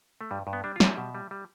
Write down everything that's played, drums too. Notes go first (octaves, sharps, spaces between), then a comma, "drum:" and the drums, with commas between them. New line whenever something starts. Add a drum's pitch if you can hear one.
A3
G2 G3
G2
B3
G3 D4
F4
G3, drum: snare
E5
B2
G3
G3